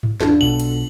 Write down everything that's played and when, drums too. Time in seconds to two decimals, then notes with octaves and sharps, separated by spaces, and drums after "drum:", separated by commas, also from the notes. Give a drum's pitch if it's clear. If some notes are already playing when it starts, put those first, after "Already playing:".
0.03 drum: tom G#2
0.21 E2 D4 F4 A4, drum: snare
0.41 B1 B2 F#7
0.60 drum: cymbal